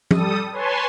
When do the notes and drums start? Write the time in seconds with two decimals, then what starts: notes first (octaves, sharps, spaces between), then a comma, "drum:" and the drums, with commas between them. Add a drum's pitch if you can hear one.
0.11 G3 A4 D#6, drum: tom F3
0.52 B4 C#5 G#5 A5 C6